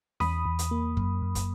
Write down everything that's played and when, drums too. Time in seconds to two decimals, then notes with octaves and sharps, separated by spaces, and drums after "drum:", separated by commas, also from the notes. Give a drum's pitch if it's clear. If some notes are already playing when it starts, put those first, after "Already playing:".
0.20 E2 B5 D#6, drum: snare C#4
0.45 E2
0.59 drum: hi-hat
0.71 A#3
0.97 F#2, drum: kick
1.22 F#2
1.35 drum: kick, hi-hat